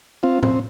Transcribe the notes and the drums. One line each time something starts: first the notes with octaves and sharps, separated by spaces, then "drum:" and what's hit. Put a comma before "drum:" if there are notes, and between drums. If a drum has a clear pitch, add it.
C4 F4
C4, drum: tom A2